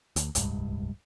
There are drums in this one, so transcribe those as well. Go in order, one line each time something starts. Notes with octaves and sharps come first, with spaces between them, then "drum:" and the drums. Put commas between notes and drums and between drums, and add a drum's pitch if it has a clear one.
D2, drum: hi-hat
D1 C2 G2 G#3, drum: hi-hat